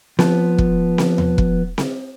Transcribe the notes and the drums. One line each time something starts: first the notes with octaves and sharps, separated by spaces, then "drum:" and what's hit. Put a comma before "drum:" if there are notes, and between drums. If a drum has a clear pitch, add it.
F3 B3, drum: snare C4
drum: kick
drum: snare C4
drum: tom D#2
drum: kick
drum: snare C4